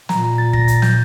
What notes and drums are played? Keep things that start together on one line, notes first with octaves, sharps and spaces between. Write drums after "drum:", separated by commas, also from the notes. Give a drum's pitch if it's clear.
A#2 A#5, drum: snare
A#5
A6
A#6, drum: kick
A6, drum: hi-hat
G6, drum: snare